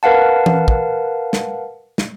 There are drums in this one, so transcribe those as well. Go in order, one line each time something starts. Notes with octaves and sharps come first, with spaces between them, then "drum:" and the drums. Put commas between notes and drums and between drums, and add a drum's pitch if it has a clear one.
A#4 B4 F5 F#5 A5
drum: tom E3
drum: kick
drum: snare
drum: snare